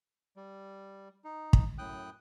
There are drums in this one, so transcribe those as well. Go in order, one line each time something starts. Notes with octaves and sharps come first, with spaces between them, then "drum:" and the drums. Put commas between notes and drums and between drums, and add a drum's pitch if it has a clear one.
G3
D#4
drum: kick
F#2 A2 G5 D#6 F#6